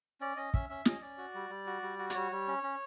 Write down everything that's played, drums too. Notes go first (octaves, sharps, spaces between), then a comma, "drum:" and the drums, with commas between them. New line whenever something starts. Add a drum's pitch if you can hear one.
C#4 D5
C#4 D#5
C#4 E5, drum: kick
C#4 E5
C#4 D#5, drum: snare
C#4 D5
F#4
G3
G3
F#4
G3
F#4
D5, drum: hi-hat
G3 C#5
G3
C#4
C#4